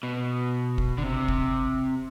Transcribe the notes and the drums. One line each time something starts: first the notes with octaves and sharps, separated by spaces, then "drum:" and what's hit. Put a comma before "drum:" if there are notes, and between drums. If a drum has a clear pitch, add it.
B2
drum: kick
D3
C3
drum: kick